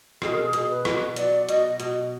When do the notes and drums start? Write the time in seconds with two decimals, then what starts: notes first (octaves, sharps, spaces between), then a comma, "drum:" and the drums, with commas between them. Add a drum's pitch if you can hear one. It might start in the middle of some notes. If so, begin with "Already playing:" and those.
0.22 B2 G#4, drum: rim click
0.32 A#4
0.42 G#4
0.53 B2, drum: hi-hat
0.70 B4
0.85 B2, drum: rim click
1.16 F#3 D5, drum: hi-hat
1.49 B2 D#5, drum: hi-hat
1.80 B2, drum: hi-hat